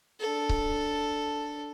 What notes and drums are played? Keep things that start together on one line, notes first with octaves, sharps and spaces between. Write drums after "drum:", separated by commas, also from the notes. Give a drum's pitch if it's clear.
D4 A4
drum: kick C#1